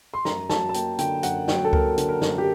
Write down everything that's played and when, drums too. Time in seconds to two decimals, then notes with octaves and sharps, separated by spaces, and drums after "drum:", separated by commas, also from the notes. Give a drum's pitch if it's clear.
0.14 C6
0.25 F#2 A#5, drum: snare
0.50 F#3 A5, drum: snare
0.69 A5
0.74 A#3 G5, drum: hi-hat
0.98 D3 G5, drum: hi-hat
1.23 F#2 F#5, drum: hi-hat
1.48 F#3 G5, drum: snare
1.65 A4
1.73 A#3 A#4, drum: kick C#2
1.98 D3, drum: hi-hat
2.09 A#4
2.22 F#2, drum: snare
2.38 G4